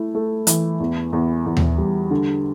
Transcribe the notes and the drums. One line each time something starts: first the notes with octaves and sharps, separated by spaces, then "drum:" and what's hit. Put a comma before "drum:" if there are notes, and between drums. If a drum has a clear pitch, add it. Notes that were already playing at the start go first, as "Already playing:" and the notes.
Already playing: A3 E4
A3
E3, drum: hi-hat
E2
E2
E2
drum: tom D#2
G3
D3